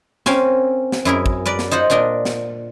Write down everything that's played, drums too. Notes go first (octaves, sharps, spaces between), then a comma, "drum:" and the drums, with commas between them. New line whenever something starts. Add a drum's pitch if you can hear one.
C4 C#4 A#4 F5 G#5, drum: snare
drum: snare
F#2 E4 G#4 A#4
drum: kick
A#4 B4 D5
drum: snare
D#4 F4 C5 F#5
A#2 D4 A#4 D#5
drum: snare